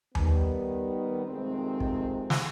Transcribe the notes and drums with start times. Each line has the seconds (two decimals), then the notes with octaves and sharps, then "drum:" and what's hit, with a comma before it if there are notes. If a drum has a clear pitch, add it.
0.15 D#3 G3 B3, drum: tom D#2
1.26 F2 C3 D#3 G#3 C4
1.80 drum: kick
2.30 drum: snare